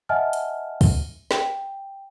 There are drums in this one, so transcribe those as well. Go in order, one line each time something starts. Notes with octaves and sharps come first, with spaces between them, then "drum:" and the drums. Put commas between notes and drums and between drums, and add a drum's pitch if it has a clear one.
D#5 E5 F#5 G#5 A5 F6
drum: hi-hat
drum: kick, open hi-hat
G5, drum: snare